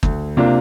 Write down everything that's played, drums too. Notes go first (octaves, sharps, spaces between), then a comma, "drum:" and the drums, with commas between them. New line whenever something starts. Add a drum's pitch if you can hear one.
D2, drum: kick
C3 A#3 D4 F4